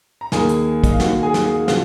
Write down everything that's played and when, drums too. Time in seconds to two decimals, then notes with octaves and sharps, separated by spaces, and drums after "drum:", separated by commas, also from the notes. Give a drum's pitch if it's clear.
0.21 A#5
0.32 D#2 D#3 A#3 G#4 G#5, drum: snare
0.49 drum: hi-hat
0.84 D#5, drum: kick, hi-hat
0.92 F5
1.00 D#2 D#3 A#3 F#4 F#5, drum: snare
1.23 G#4 G#5
1.34 drum: snare
1.45 G#4 G#5
1.64 F5
1.68 C#3 F3 F#4 F#5, drum: snare